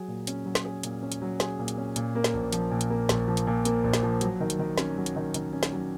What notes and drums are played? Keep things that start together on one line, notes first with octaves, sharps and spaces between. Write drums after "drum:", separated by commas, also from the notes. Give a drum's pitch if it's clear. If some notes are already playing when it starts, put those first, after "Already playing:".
Already playing: F#3 G#4
A#2
C#4, drum: hi-hat
F#3
drum: snare
G#4
A#2, drum: hi-hat
C#4
drum: hi-hat
F#3
G#4, drum: snare
A#2
drum: hi-hat
C#4
A#2, drum: hi-hat
A#3
drum: snare
A#1
F3, drum: hi-hat
A#2
drum: hi-hat
A#3
A#1, drum: snare
F3
drum: hi-hat
A#2
A#3, drum: hi-hat
A#1
drum: snare
F3
F#3, drum: hi-hat
D#3
drum: hi-hat
D#3
C#4, drum: snare
F#3
drum: hi-hat
D#3
D#3, drum: hi-hat
C#4
drum: snare
F#3